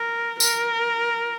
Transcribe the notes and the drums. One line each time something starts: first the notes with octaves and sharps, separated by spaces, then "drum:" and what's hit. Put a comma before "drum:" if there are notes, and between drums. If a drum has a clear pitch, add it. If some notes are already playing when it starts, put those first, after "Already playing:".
Already playing: A#4
A#4, drum: tambourine